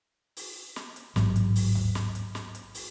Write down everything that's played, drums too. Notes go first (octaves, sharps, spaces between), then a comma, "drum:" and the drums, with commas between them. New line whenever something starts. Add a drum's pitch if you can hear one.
drum: open hi-hat
drum: snare
drum: hi-hat
A1 G#2 F#3, drum: snare
drum: hi-hat
drum: open hi-hat
drum: tom D2
drum: snare
drum: hi-hat
drum: snare
drum: hi-hat
drum: open hi-hat